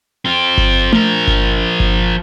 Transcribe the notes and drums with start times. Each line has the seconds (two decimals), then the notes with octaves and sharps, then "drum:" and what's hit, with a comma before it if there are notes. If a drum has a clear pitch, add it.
0.25 C4 F4
0.58 drum: kick G1
0.93 F3 A#4, drum: tom A3
1.27 drum: kick G1
1.80 drum: kick G1